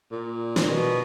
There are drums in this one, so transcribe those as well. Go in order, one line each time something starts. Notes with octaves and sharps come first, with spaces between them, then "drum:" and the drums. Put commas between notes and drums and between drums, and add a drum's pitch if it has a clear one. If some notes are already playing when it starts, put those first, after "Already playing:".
A#2
drum: snare
B2